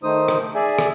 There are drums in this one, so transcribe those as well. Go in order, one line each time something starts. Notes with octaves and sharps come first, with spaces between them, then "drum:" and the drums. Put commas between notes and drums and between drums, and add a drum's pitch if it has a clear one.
D#3 A3 D#4 C5 D#6
drum: rim click
G#4 D5 E5 G#5
drum: rim click